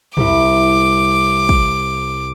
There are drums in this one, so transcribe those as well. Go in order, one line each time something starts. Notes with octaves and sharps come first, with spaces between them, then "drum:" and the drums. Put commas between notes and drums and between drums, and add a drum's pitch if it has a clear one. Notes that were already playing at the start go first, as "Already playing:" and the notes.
C2 E4 D6, drum: tom
drum: kick